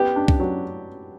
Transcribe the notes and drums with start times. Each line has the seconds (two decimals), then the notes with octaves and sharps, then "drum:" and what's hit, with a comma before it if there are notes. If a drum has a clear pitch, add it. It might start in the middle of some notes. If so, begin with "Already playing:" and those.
Already playing: B3 G4
0.16 D4
0.28 drum: kick C2
0.40 F#3